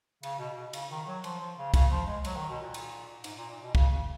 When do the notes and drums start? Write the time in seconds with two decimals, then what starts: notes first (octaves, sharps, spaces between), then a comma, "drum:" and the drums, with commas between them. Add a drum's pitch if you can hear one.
0.23 C#3, drum: cymbal
0.39 B2
0.57 B2
0.73 C#3, drum: cymbal
0.90 D#3
1.07 F#3
1.24 F3, drum: cymbal
1.40 F3
1.57 C#3
1.74 C#3, drum: kick, cymbal
1.91 F3
2.07 G#3
2.25 F#3, drum: cymbal
2.36 D#3
2.49 B2
2.62 A#2
2.74 drum: cymbal
3.24 G#2, drum: cymbal
3.38 A#2
3.50 A#2
3.62 B2
3.75 C#3, drum: kick
3.91 C#3